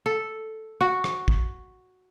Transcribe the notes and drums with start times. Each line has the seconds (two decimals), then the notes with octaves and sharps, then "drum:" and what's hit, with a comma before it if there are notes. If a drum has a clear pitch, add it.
0.06 A4
0.81 F#4
1.04 drum: rim click
1.28 drum: kick